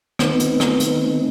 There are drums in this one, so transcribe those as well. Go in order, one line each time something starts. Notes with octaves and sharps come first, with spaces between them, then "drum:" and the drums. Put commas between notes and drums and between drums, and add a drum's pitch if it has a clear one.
D#3 A3 B3 C4 D#4 B4, drum: rim click
drum: hi-hat
drum: rim click
D#3 A3 C4 D#4, drum: hi-hat